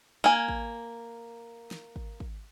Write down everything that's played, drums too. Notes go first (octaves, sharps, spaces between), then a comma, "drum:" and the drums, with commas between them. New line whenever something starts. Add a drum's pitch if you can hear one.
A#3 G#5
drum: kick G#1
drum: snare
drum: kick G#1
drum: kick G#1